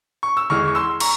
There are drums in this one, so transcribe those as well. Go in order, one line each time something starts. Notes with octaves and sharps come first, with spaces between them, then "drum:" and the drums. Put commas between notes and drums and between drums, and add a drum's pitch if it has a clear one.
C#6
E6
E2 E3 G#3 C#6 F6
C#6
C6 E6
A#5 C#6, drum: cymbal